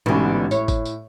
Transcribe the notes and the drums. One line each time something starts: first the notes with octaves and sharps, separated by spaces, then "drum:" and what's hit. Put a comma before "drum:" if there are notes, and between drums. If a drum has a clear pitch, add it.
A1 G#2 B2 D3 C#4
A2 C#5, drum: tambourine
drum: kick, tambourine
drum: tambourine